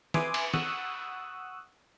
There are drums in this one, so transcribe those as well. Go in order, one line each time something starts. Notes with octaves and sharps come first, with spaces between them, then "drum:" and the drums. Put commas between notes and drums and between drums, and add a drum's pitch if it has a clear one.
B4 E5 G#5 C6 D6 D#6, drum: snare
drum: cymbal
F#5 C#6 D#6 E6 F#6, drum: snare